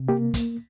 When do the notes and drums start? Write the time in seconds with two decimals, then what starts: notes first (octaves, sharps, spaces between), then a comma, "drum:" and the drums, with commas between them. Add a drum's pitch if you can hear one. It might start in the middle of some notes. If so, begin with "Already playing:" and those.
Already playing: C3
0.08 A#3 G4
0.34 drum: kick, hi-hat